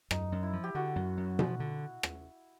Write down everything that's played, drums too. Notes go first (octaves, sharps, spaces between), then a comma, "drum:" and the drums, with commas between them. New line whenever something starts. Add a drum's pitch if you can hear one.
F#2 D#4, drum: rim click
F#2
E4
F3
G4
D3 F#4
F#2
F#2
F3, drum: tom B2
D3
drum: rim click